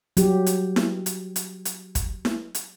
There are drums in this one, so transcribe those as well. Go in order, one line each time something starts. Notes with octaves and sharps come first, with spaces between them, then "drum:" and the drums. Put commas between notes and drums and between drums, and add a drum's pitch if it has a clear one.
F#3 G4, drum: hi-hat
drum: hi-hat
drum: snare E4
drum: hi-hat
drum: hi-hat
drum: hi-hat
drum: kick, hi-hat
drum: snare E4
drum: hi-hat